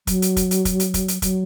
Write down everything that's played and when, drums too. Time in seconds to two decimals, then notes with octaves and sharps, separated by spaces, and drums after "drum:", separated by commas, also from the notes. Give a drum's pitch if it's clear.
0.07 F#3, drum: kick, hi-hat
0.22 drum: hi-hat
0.37 drum: kick, hi-hat
0.51 drum: hi-hat
0.65 drum: kick, hi-hat
0.80 drum: hi-hat
0.94 drum: kick, hi-hat
1.08 drum: hi-hat
1.22 F#3, drum: kick, hi-hat